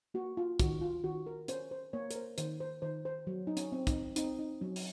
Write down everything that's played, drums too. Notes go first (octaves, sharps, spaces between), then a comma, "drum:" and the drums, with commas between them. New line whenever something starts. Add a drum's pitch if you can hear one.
A#3 F#4
F4
D#3 F#4, drum: kick, hi-hat
F4
D#3 F#4
A#4
C#4 C5, drum: hi-hat
C5
A#3 C#5
A#4, drum: hi-hat
C5
D#3 C5, drum: hi-hat
C5
D#3 C5
C5
F#3
D#4
C#4, drum: hi-hat
C4
D#4, drum: kick, hi-hat
C4 D#4, drum: hi-hat
D#4
F#3 C#4
drum: open hi-hat